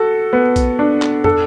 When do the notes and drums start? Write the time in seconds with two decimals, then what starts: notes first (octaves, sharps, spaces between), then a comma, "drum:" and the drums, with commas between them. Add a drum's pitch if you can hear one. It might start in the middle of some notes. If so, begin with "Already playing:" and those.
Already playing: F#4 A4
0.33 B3
0.56 drum: kick, hi-hat
0.79 D4
1.02 drum: clap
1.24 A4, drum: tom